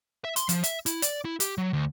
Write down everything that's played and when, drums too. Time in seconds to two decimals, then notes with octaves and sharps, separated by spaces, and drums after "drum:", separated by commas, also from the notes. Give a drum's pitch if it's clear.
0.25 E5
0.36 C6, drum: hi-hat
0.49 F3, drum: hi-hat
0.64 E5, drum: hi-hat
0.86 E4, drum: hi-hat
1.02 D5, drum: hi-hat
1.25 E4
1.40 G4, drum: hi-hat
1.58 F#3
1.73 D2